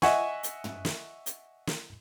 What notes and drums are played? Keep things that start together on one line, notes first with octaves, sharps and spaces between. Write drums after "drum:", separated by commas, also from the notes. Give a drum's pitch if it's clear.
D#5 E5 F#5 G#5 C#6, drum: snare
drum: hi-hat
drum: tom
drum: snare
drum: hi-hat
drum: snare